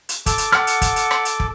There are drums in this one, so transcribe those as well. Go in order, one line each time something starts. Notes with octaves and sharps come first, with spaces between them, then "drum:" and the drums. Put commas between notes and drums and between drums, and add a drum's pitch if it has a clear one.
drum: hi-hat
A4 D6, drum: kick, hi-hat
drum: hi-hat
F#5 F6, drum: rim click
drum: hi-hat
drum: kick, hi-hat
drum: hi-hat
drum: rim click
drum: hi-hat
drum: kick